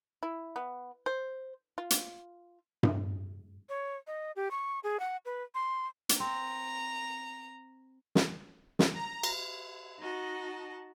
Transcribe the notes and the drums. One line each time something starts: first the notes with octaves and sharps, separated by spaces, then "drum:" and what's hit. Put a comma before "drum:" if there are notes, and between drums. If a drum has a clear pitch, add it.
E4
B3
C5
F4
drum: hi-hat
drum: tom G2
C#5
D#5
G4
C#6
G#4
F#5
B4
C6
drum: hi-hat
C4 A#5
drum: snare
drum: snare
A#5
drum: cymbal
D#4 F#4 D#5 A5